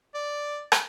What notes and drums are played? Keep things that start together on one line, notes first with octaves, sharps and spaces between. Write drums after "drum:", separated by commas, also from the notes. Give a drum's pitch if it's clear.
D5
drum: rim click